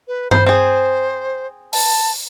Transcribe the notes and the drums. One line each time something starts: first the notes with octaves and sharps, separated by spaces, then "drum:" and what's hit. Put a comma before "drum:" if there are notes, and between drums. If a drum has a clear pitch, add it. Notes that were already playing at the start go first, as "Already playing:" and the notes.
B4
C5 B5, drum: tom G2
C4 G#4 C5
A5, drum: open hi-hat